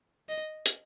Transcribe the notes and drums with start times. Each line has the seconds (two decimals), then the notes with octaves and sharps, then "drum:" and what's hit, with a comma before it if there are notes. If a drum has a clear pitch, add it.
0.29 D#5
0.66 drum: hi-hat